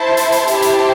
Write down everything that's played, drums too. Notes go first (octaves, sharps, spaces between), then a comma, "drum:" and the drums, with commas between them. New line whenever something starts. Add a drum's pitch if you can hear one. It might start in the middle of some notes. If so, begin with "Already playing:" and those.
Already playing: E4 C5 A5
drum: hi-hat
drum: hi-hat
E4 G4 C5 A5, drum: hi-hat
drum: hi-hat